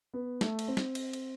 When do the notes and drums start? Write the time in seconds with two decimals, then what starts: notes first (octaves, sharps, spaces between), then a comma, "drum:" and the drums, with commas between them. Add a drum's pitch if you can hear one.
0.14 B3
0.41 A3, drum: snare
0.59 drum: cymbal
0.68 C4
0.77 drum: snare
0.95 drum: cymbal
1.13 drum: cymbal